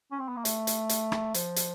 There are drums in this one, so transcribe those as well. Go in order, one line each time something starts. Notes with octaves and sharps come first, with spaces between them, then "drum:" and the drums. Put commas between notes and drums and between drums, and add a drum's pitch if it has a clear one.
C#4
C4
B3
A#3
A3, drum: hi-hat
drum: hi-hat
drum: hi-hat
drum: rim click
F3, drum: hi-hat
drum: hi-hat